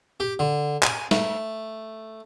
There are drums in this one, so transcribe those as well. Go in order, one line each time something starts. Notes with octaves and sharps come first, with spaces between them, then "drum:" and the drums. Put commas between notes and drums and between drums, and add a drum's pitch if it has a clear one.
G4
D3
G#5, drum: clap
A3, drum: snare